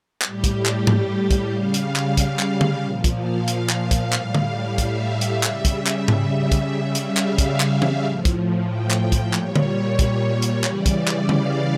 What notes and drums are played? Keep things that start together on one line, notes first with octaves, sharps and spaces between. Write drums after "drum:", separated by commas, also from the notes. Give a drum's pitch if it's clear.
A2 G3 G4, drum: clap
drum: kick, hi-hat
drum: clap
drum: tom G#2
drum: kick, hi-hat
C#3 G3 F5
drum: hi-hat
drum: clap
drum: kick, hi-hat
drum: clap
drum: tom D3
A#2 F3
drum: kick, hi-hat
F5
drum: hi-hat
drum: clap
drum: kick, hi-hat
A2 G3, drum: clap
drum: tom D3
E5, drum: kick, hi-hat
drum: hi-hat
C#3 G3, drum: clap
drum: kick, hi-hat
drum: clap
drum: tom G#2
drum: kick, hi-hat
C#3 G3 E5
drum: hi-hat
F5
drum: clap
drum: kick, hi-hat
drum: clap
drum: tom
A2 F3
drum: kick, hi-hat
G5
drum: clap
drum: kick, hi-hat
A#2 G3 C#5, drum: clap
drum: tom D3
drum: kick, hi-hat
drum: hi-hat
C#3 E3 G3 D5, drum: clap
drum: kick, hi-hat
drum: clap
F5, drum: tom D3